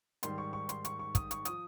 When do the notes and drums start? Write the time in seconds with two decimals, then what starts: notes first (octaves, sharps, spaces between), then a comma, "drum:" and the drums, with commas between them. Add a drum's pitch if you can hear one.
0.23 G#2 D#3 G3 C6, drum: hi-hat
0.38 C#6
0.53 C#6
0.69 C6, drum: hi-hat
0.85 C#6, drum: hi-hat
0.99 C#6
1.15 D#6, drum: kick, hi-hat
1.31 C#6, drum: hi-hat
1.45 F3 D#6, drum: hi-hat